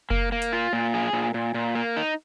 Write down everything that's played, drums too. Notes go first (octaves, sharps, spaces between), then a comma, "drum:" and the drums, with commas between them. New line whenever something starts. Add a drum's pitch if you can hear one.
A#3, drum: kick F#1
A#3
drum: hi-hat
F4
A#2
G#4
A#2
A#2
A#2
A#3
D#4